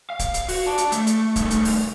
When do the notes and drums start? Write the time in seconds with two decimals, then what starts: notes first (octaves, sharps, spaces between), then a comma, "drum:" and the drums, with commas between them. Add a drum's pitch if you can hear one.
0.10 F5
0.19 drum: kick C#1, hi-hat
0.34 drum: hi-hat
0.48 F#4, drum: open hi-hat
0.66 D5 A5
0.78 drum: hi-hat
0.92 A3, drum: hi-hat
1.07 drum: hi-hat
1.36 C2 A3, drum: kick C#1, hi-hat
1.50 drum: hi-hat
1.65 drum: open hi-hat